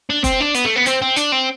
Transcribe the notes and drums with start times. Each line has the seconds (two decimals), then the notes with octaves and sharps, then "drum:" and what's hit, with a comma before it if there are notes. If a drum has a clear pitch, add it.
0.10 D4
0.24 C4, drum: kick F1, hi-hat
0.40 D4
0.55 B3, drum: hi-hat
0.65 A3
0.76 B3
0.86 C4, drum: hi-hat
1.02 C4
1.16 D4, drum: hi-hat
1.32 C4